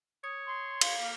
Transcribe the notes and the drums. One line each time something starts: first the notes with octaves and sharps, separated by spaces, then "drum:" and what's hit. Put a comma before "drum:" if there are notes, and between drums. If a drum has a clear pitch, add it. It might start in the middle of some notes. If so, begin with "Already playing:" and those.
C#5 D#6
C6
F5, drum: cymbal
A#3